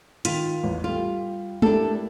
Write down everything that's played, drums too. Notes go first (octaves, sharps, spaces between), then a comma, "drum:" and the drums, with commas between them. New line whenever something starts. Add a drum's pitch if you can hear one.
D#3 F4 B6 D#7, drum: hi-hat
A1 E2
G3 F4 A4
A#3 D4 E4 G4 A4, drum: tom G#3